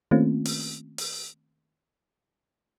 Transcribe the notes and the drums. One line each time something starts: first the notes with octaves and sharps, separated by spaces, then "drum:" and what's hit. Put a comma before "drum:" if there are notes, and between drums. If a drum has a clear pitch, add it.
D#3 A3 A#3 C4 C#4 F4
drum: open hi-hat
drum: open hi-hat